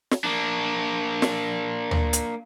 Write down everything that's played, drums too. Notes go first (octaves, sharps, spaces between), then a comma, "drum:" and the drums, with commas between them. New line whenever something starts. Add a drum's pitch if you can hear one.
drum: snare
A#3 D4
drum: snare
drum: tom
drum: hi-hat